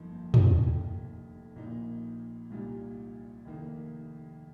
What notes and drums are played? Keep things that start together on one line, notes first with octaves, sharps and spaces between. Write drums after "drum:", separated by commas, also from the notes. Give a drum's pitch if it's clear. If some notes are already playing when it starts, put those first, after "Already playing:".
Already playing: G1 F2 F3 A#3 D#4
drum: tom
F1 D#2 D#3
A#1 A#2 A#3 D#4
C2 A#2 G3 D#4
F1 D#2 D#3 A#3 D#4